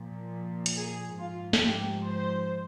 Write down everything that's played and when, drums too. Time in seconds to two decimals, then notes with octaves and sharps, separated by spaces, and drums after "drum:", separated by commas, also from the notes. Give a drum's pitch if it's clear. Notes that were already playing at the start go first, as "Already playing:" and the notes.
Already playing: A#2 F3
0.66 drum: hi-hat
0.76 G#4
1.19 G#2 F3 F4
1.53 drum: snare
1.63 G4
2.05 C5